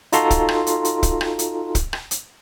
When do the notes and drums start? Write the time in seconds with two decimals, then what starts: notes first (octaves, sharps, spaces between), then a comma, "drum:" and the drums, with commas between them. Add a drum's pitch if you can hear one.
0.12 D#4 F4 F#4 A4 A#5 C6, drum: hi-hat
0.30 drum: kick, hi-hat
0.49 drum: rim click
0.67 drum: hi-hat
0.85 drum: hi-hat
1.03 drum: kick, hi-hat
1.21 drum: rim click
1.39 drum: hi-hat
1.75 drum: kick, hi-hat
1.93 drum: rim click
2.11 drum: hi-hat